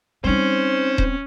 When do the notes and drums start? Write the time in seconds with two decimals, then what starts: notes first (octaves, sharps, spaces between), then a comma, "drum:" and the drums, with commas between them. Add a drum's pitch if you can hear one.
0.24 G3 C4 C#4 D#4 C5
0.98 drum: kick D#1